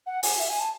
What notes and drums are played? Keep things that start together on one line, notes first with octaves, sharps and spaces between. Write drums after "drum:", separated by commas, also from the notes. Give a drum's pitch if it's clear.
F#5
G#5, drum: open hi-hat
E5
G#5
A5